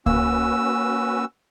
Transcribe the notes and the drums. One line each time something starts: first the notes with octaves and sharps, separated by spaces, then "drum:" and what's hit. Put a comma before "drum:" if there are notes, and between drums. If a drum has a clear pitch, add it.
A#3 C#4 F#4 B4 E6, drum: kick C#2